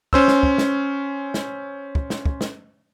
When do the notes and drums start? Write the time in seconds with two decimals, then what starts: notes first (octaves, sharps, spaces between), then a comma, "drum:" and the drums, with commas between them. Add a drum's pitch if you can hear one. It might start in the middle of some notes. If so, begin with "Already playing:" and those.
0.13 C#4 C5 E6, drum: kick
0.28 drum: snare
0.43 drum: kick
0.58 drum: snare
1.34 drum: snare
1.95 drum: kick
2.10 drum: snare
2.25 drum: kick
2.41 drum: snare